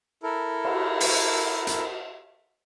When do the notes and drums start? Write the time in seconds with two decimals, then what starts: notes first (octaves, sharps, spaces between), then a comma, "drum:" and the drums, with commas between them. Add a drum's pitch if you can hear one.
0.23 E4 A4 A#4
0.65 drum: cymbal
1.00 drum: open hi-hat
1.67 drum: hi-hat